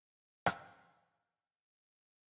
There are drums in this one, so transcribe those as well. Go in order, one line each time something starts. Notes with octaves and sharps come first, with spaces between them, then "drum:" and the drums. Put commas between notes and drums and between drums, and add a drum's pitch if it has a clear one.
E4
drum: rim click
F5
D#5
F#3 C#5